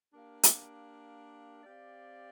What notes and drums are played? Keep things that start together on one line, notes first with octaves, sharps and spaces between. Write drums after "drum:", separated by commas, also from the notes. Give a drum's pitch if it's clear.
A#3 D4 G4 A#4 F5
drum: hi-hat
C4 G4 D5 F5